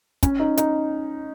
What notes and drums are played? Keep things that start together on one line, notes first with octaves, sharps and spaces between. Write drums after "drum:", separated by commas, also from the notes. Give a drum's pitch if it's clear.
C#4, drum: kick, hi-hat
D#4
D#4, drum: hi-hat